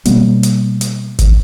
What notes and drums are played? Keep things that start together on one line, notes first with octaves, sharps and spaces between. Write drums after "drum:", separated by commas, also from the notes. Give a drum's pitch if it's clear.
B2 G3 A#3 B3, drum: hi-hat
drum: hi-hat
drum: hi-hat
drum: kick G#1, hi-hat